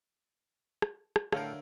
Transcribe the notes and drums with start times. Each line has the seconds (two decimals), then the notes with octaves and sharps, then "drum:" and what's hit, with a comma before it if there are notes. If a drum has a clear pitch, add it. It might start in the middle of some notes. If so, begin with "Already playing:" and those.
0.82 drum: rim click
1.16 drum: rim click
1.33 A2 D3 A3 A4 A#4 C#5 F5 G5, drum: rim click